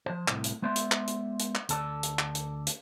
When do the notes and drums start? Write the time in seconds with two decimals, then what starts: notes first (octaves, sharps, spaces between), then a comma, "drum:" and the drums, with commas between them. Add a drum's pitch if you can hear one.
0.06 F3 C5
0.28 C2 A2, drum: clap
0.44 drum: hi-hat
0.62 G#3 B3 C5 D5 E5 C6
0.76 drum: hi-hat
0.92 drum: clap
1.07 drum: hi-hat
1.39 drum: hi-hat
1.55 drum: clap
1.69 D2 A4 D5, drum: hi-hat
2.03 drum: hi-hat
2.19 drum: clap
2.35 drum: hi-hat
2.67 drum: hi-hat